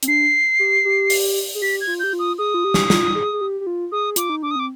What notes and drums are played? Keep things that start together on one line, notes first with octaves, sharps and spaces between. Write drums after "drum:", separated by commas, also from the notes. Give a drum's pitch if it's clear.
C4, drum: hi-hat
D4 C7
G4
G4
drum: open hi-hat
G#4
G4 B6
G#6
F4
G4 G6
F4
D#6
G#4 D#6
F4
G4
drum: snare
F4, drum: snare
G#4
G#4
G4
G4
F4
G#4 D#6
F4 D6, drum: hi-hat
D#4
D4 D6
D#6
C4 D6